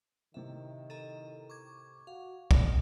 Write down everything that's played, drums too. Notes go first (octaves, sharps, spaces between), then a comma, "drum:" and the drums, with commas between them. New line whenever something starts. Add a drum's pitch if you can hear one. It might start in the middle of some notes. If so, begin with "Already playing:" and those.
A2 C3 D#3 E5
A4 D#5 A#5
C#6 D6 G#6
F#4 F5 F#5
D#3 C#5 D#6 F6 A#6 E7, drum: kick